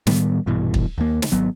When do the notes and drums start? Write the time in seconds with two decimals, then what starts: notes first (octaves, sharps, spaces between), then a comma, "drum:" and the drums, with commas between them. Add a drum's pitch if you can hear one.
0.07 A2 D#3 G3 B3, drum: snare
0.46 A#1 G2 B2 E3
0.74 drum: kick
0.98 D#2 A#3
1.22 drum: snare
1.32 G#1 F#3 B3